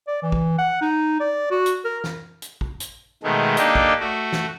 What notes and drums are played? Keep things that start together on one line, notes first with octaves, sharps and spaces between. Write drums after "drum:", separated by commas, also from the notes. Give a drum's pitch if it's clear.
D5
E3
drum: kick A1
F#5
D#4
D5
F#4
drum: hi-hat
A#4
drum: snare
drum: hi-hat
drum: kick A1
drum: hi-hat
B2 D#3 G#3 A3
A#3 D4 D#4 G4 A4, drum: hi-hat
drum: kick A1
A3 F#4
drum: snare